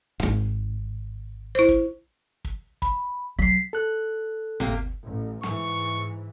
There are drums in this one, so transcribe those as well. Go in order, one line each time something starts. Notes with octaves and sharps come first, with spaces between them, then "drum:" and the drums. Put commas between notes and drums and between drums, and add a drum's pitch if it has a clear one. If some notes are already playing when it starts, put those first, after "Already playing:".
D1 G#1, drum: snare
E4 C5
drum: kick
drum: kick
B5, drum: kick
F#3 B6 C7
A4 F#6
C3 A#3, drum: tom G1
A1
G#2 E3 C#6, drum: snare